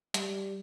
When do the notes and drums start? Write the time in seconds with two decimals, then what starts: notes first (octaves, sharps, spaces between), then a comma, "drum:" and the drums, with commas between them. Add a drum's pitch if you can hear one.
0.14 G3, drum: hi-hat